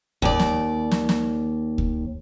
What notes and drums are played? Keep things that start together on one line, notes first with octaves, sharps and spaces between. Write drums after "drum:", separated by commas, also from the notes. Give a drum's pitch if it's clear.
D#2 D5, drum: kick D2
drum: snare
drum: snare
drum: snare
drum: kick D2